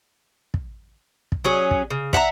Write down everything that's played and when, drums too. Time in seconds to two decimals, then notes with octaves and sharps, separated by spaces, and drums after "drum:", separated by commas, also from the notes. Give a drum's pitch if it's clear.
0.54 drum: kick
1.32 drum: kick
1.44 F#3 C#4 G#4
1.71 drum: kick
1.90 C#3
2.13 E5 F#5 A5 A#5, drum: kick